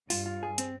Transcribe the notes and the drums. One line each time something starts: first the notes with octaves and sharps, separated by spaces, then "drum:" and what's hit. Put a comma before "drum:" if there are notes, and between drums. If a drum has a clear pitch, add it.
G2 F4, drum: open hi-hat
F4
G#4
C4, drum: hi-hat